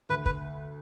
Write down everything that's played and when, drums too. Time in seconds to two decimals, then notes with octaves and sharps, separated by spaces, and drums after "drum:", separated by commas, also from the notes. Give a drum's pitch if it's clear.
0.10 D2 B4
0.26 B4, drum: kick